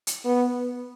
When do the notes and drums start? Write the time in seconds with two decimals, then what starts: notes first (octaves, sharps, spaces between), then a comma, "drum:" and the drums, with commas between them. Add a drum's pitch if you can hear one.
0.07 drum: hi-hat
0.25 B3